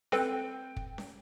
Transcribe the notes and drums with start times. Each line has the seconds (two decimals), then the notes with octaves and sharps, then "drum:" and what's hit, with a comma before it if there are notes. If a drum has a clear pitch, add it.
0.12 C4 A4 B4 G5, drum: snare C#4
0.77 drum: kick
0.98 drum: snare C#4